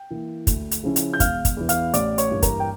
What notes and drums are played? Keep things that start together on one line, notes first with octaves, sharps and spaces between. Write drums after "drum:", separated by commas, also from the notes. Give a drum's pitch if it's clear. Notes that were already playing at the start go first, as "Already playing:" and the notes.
Already playing: G5
E3 A#3 E4
D2, drum: kick, hi-hat
drum: hi-hat
C#3 F3 C#4 E4
drum: hi-hat
G6
E1 F5 F6, drum: kick, hi-hat
drum: kick, hi-hat
E2 E3
F5 F6, drum: hi-hat
A1 D5 D6, drum: hi-hat
C#5 C#6, drum: hi-hat
G2 E3 G3 A#3
A#4 A#5, drum: kick, hi-hat
G5